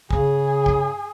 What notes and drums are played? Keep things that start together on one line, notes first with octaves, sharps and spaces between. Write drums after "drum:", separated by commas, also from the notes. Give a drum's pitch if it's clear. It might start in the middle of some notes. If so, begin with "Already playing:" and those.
C#3 G#4, drum: kick
drum: kick